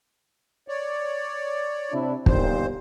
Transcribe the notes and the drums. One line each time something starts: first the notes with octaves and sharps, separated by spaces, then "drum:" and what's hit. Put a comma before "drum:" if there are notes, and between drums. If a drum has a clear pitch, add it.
C#5 D5
C3 D4 E4
G1 D#2 A#2 C5, drum: kick